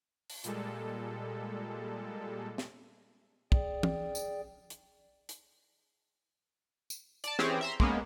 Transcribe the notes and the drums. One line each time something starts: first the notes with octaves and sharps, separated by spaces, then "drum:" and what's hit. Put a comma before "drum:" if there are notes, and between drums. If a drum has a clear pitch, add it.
drum: open hi-hat
A#2 G3 G#3 A4, drum: hi-hat
drum: snare
G#4 D5 G5, drum: kick
drum: tom
drum: tambourine
drum: hi-hat
drum: hi-hat
drum: tambourine
D5 A5, drum: hi-hat
E3 C4 C#4 G4 G#4, drum: snare
E5 A#5 C6
G#3 A#3 B3 C#4, drum: kick